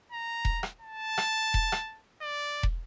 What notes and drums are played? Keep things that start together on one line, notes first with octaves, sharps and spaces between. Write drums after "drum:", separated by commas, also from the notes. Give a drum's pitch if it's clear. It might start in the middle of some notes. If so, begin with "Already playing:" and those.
A#5
drum: kick E1
drum: rim click
A5
drum: rim click
drum: kick E1
drum: rim click
D5
drum: kick E1